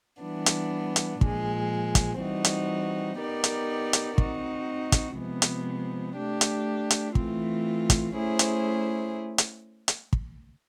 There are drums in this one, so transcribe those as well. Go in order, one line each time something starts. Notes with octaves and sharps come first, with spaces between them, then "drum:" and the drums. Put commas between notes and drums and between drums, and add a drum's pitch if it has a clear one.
E3 G3 B3 D4
drum: hi-hat
drum: hi-hat
A#2 F3 G#3, drum: kick
drum: kick, hi-hat
E3 G3 C4 D#4 F#4
drum: hi-hat
B3 D#4 G4 A#4 D5
drum: hi-hat
drum: hi-hat
C4 D#4 F#4, drum: kick
drum: kick, hi-hat
C3 F3 G#3 B3
drum: hi-hat
A3 D4 G4
drum: hi-hat
drum: hi-hat
E3 A3 C4 F4, drum: kick
drum: kick, hi-hat
A3 C#4 E4 G#4 C5
drum: hi-hat
drum: hi-hat
drum: hi-hat
drum: kick